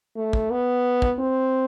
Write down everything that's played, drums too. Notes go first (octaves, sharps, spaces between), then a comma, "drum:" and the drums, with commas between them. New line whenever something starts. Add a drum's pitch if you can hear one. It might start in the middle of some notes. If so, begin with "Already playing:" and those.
A3
drum: kick
B3
drum: kick
C4